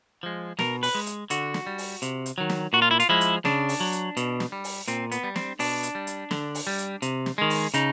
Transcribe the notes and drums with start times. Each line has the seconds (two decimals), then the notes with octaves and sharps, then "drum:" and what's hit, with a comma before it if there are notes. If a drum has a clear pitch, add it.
0.23 F3 G#3
0.59 B2 A#4, drum: snare
0.83 B4, drum: open hi-hat
0.95 G#3
1.07 drum: hi-hat
1.30 D3 F#4, drum: hi-hat
1.54 drum: snare
1.66 G3
1.78 drum: open hi-hat
2.02 C3, drum: hi-hat
2.26 drum: hi-hat
2.38 D#3 F#3
2.50 drum: snare
2.73 A#2 F#4
2.82 F4
2.91 E4
3.00 F4, drum: hi-hat
3.09 F3 G#3 E4
3.21 drum: hi-hat
3.45 C#3 D4, drum: snare
3.69 drum: open hi-hat
3.80 F#3
3.93 drum: hi-hat
4.17 B2, drum: hi-hat
4.40 drum: snare
4.52 G3
4.64 drum: open hi-hat
4.88 A#2 C4, drum: hi-hat
5.12 B3, drum: hi-hat
5.24 G3
5.36 C4, drum: snare
5.59 B2 D4, drum: open hi-hat
5.83 drum: hi-hat
5.95 G3
6.07 drum: hi-hat
6.31 D3, drum: snare
6.55 drum: open hi-hat
6.67 G3
6.78 drum: hi-hat
7.02 C3, drum: hi-hat
7.26 drum: snare
7.38 D#3 G#3
7.50 drum: open hi-hat
7.74 C#3 D#4, drum: hi-hat